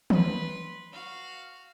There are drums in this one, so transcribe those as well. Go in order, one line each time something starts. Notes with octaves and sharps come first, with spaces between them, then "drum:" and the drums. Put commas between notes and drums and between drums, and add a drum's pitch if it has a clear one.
B4 C6, drum: tom D#3
F#4 F5